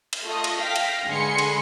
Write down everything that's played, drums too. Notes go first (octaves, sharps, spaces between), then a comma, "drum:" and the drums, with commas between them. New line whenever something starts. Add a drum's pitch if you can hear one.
drum: cymbal
A3 F4 D#5
drum: cymbal
F5 G5 F6 A#6 B6
drum: cymbal
D3 G#3 B4 G#5 C6 C#7
drum: cymbal